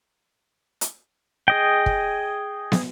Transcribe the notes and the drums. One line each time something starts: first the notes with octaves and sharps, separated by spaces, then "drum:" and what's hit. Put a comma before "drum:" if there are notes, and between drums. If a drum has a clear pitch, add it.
drum: hi-hat
G#4 D#5 G5
drum: kick
drum: snare